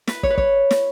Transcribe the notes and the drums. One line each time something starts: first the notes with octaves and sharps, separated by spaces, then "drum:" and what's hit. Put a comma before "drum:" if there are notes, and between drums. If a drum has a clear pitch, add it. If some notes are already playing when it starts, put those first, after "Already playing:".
B4, drum: snare
C#5, drum: kick
B4
C#5, drum: kick
drum: snare